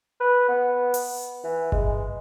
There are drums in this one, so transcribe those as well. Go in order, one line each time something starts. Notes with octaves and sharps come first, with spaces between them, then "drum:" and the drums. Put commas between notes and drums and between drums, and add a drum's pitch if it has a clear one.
B4
B3
drum: open hi-hat
E3
G#3, drum: kick G1